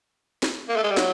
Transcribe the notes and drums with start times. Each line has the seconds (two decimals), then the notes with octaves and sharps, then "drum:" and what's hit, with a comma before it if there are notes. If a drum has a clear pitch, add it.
0.43 drum: snare
0.69 A#3
0.76 A3
0.83 G#3
0.91 G3
0.97 F#3, drum: snare